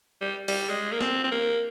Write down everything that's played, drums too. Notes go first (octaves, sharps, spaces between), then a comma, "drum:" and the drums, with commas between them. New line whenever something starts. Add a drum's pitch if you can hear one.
G3
G3, drum: open hi-hat
G#3
A#3
C4, drum: snare
C4
A#3